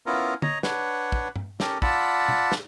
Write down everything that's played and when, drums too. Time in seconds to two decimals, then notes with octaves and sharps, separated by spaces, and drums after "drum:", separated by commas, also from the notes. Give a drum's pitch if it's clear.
0.06 B3 C#4 E4 F4 A#4
0.42 C#5 D#5 A#5, drum: tom
0.63 D4 B4 C#5 F#5, drum: snare
1.12 drum: kick
1.36 drum: tom G2
1.60 C#4 G4 A4 A#4, drum: snare
1.82 F4 D5 F#5 A5 B5 E6, drum: kick
2.28 drum: tom B2
2.52 drum: snare